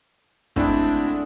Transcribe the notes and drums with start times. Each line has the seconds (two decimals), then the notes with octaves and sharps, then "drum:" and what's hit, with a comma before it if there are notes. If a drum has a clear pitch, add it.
0.56 D3 G#3 A3 C4 D4 E4, drum: kick